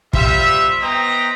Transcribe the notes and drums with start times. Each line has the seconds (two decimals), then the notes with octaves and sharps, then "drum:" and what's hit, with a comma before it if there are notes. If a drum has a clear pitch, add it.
0.13 G3 C4 F4 E5, drum: kick
0.82 B3 C5 D#5 G5 A#5